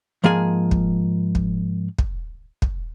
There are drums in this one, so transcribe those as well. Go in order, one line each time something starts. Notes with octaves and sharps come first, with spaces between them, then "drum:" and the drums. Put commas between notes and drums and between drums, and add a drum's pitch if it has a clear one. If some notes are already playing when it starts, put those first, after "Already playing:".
G#2 F3 A#3 G#4 G#5
drum: kick
drum: kick
drum: kick
drum: kick